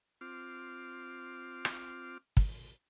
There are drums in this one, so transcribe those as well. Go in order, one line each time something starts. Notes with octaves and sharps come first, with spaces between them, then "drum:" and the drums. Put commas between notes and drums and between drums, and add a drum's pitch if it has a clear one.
C4 F4 D6 F6
drum: rim click
drum: kick